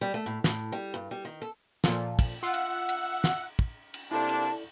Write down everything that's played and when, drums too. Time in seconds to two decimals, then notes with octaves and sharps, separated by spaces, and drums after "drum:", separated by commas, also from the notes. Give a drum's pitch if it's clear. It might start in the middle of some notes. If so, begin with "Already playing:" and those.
0.01 G3
0.14 A3
0.26 A2
0.44 A2, drum: snare
0.72 G3
0.94 G2
1.11 G3
1.25 D#3
1.42 A4
1.84 A#2 F3 A4, drum: snare
2.19 drum: kick, cymbal
2.43 F4 E5 F#5
2.54 drum: cymbal
2.89 drum: cymbal
3.24 drum: snare
3.59 drum: kick
3.94 drum: cymbal
4.11 C3 A#3 D4 E4 A4 D5 A5
4.29 drum: cymbal